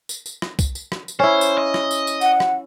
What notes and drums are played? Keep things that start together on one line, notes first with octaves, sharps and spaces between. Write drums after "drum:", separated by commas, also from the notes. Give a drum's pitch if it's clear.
drum: tambourine
drum: tambourine
drum: rim click
drum: kick, tambourine
drum: tambourine
drum: rim click
drum: tambourine
C#4 E4 C5
drum: tambourine
D#5
drum: rim click
drum: tambourine
drum: tambourine
F#5, drum: tambourine
drum: rim click